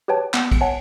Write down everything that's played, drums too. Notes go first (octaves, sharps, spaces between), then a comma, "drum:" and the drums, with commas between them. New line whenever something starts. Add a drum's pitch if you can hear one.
G4 B4 C#5 G5 A5
B3, drum: clap
drum: kick, cymbal
C#5 F#5 G#5 A5